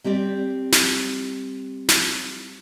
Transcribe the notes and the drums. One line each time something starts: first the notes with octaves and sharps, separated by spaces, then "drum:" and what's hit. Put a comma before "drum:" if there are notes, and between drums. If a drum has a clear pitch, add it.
G3 C4 G4 D5
drum: snare
drum: snare